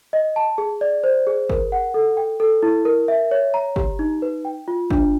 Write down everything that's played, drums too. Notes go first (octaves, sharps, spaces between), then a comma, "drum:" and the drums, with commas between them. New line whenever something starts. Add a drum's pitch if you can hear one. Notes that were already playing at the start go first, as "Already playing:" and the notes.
D#5
A5
G#4
D5
C5
G#4
A#4, drum: kick G1
F#5
A4
G5
A4
E4
A#4
E5
C#5
A#5
G4, drum: kick G1
D#4
B4
G5
F4
D4, drum: kick G1